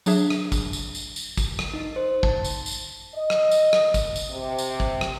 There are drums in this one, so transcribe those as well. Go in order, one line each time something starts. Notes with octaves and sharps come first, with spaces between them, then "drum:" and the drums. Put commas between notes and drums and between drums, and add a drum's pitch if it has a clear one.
F#3 D4 G#4 E5, drum: tambourine
drum: rim click
drum: kick, tambourine
drum: tambourine
drum: tambourine
drum: tambourine
drum: kick, tambourine
drum: rim click
D#4
C5
A5, drum: kick
drum: tambourine
drum: tambourine
D#5
drum: rim click
drum: tambourine
drum: rim click
drum: kick, tambourine
drum: tambourine
C3
drum: tambourine
drum: kick
drum: rim click